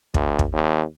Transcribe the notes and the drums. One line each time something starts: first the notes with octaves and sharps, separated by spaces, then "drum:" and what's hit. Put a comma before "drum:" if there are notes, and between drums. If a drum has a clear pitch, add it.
D2, drum: kick
drum: kick
D#2